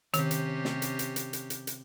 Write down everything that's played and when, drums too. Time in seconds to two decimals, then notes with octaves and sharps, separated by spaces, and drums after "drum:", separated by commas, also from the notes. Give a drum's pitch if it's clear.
0.14 C3 D#3 C#4 G4, drum: hi-hat
0.31 drum: hi-hat
0.65 drum: snare
0.82 drum: hi-hat
0.99 drum: hi-hat
1.16 drum: hi-hat
1.33 drum: hi-hat
1.50 drum: hi-hat
1.67 drum: hi-hat